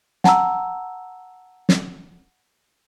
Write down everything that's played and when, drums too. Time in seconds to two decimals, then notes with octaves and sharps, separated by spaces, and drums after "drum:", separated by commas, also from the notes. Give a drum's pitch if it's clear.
0.24 F#5 A5 A#5 E6, drum: snare
1.69 drum: snare